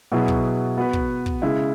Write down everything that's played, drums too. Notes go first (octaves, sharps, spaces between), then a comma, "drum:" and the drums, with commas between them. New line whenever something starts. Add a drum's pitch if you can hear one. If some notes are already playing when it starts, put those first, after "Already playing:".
B2 F#3 B3 E4 G#4
drum: kick
B3 F#4 B4
drum: kick
drum: kick
C#3 G#3 E4